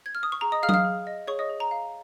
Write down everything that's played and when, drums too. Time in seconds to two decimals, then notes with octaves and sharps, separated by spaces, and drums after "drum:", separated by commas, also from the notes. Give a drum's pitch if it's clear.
0.06 G#6
0.15 F6
0.23 D#6
0.32 C#6
0.41 G#4 A#5
0.52 D#5 D#6
0.63 G#4 F5 F6
0.69 D#6, drum: tom F#3
0.74 F5 F6
0.85 G#4
1.07 D#5
1.27 G#4 C#5 C#6
1.39 D#5 D#6
1.49 G#4
1.60 A#5
1.71 F5